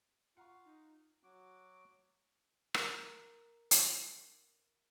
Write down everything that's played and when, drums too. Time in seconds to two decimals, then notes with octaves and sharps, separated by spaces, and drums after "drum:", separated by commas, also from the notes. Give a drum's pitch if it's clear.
0.37 F4 F#5 A#5 C#6
0.65 D#4
1.23 F#3 F#4 D6
2.74 A#4 A#5 D6, drum: rim click
3.71 drum: hi-hat